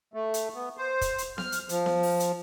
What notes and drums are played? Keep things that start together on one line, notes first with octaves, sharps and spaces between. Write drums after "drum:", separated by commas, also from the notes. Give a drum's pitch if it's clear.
A3
drum: hi-hat
B3
C5
drum: kick, hi-hat
drum: hi-hat
F6, drum: snare B3
drum: hi-hat
F3, drum: hi-hat
drum: snare B3
drum: open hi-hat
drum: hi-hat